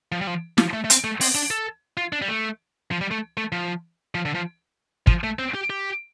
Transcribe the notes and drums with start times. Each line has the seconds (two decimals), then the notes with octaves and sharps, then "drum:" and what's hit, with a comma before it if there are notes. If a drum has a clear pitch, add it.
0.12 F3
0.21 G3
0.27 F3
0.58 F3, drum: snare
0.73 A3
0.84 A3
0.90 C4, drum: hi-hat
1.04 A3
1.21 C4, drum: open hi-hat
1.35 D4
1.51 A4
1.97 F4
2.13 D4
2.22 G3
2.28 A3
2.91 F3
3.01 G3
3.11 A3
3.37 A3
3.52 F3
4.15 F3
4.25 D3
4.35 F3
5.07 F3, drum: kick
5.24 A3
5.39 C4
5.54 G4
5.70 G4